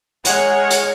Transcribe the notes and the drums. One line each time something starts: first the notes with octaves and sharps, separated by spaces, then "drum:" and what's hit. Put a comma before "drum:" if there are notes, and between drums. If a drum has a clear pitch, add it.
G#3 G#4 A#4 C#5 F#5, drum: hi-hat
drum: hi-hat